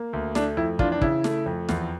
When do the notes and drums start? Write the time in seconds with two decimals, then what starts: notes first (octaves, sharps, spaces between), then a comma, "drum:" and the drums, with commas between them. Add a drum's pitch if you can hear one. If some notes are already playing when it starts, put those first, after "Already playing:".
Already playing: A#3
0.13 D2
0.35 A3 D4, drum: snare
0.57 F2 E4
0.79 E3 D4 F4, drum: kick
0.92 D4
1.01 C#3 E4, drum: kick
1.24 A3, drum: snare
1.46 F2
1.69 E2, drum: snare